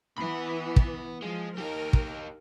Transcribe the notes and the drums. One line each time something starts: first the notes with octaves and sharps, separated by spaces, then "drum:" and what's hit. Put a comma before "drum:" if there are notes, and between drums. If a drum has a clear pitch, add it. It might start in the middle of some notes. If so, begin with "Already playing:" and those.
E3 B3 B5
drum: kick
F3 G#3
D#4 G4 A#4
drum: kick